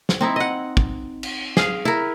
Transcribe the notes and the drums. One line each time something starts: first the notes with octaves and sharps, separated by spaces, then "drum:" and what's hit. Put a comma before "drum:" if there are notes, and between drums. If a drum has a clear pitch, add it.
drum: snare
C4 D#4 E4
D#5 F#5
drum: kick
drum: cymbal
G#4 F5, drum: snare
E4 A#4